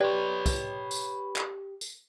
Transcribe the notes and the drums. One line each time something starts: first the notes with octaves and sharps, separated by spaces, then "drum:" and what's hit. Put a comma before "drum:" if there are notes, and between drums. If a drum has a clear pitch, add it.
G4 B4 C#5 D5
drum: kick, tambourine
drum: tambourine
drum: clap
drum: tambourine